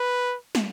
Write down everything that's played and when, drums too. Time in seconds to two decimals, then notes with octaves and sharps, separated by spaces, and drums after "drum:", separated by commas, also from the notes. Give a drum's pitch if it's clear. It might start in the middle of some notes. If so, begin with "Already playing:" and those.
Already playing: B4
0.55 drum: snare